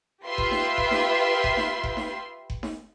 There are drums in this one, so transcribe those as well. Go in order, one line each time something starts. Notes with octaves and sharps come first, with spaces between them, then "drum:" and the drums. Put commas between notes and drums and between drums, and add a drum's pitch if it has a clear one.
F4 G4 B4 E5 C6
drum: kick F#1
drum: snare D#4
drum: kick F#1
drum: snare D#4
drum: kick F#1
drum: snare D#4
drum: kick F#1
drum: snare D#4
drum: kick F#1
drum: snare D#4